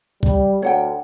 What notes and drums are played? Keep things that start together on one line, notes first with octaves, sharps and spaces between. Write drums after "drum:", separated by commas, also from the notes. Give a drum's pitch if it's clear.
G3, drum: kick
D2 C#5 F#5 G5